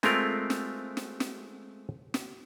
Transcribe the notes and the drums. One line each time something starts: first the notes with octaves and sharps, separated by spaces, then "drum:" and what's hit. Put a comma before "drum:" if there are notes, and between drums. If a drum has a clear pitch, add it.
G#3 A3 C4 F4 A#4, drum: snare
drum: snare
drum: snare
drum: snare
drum: snare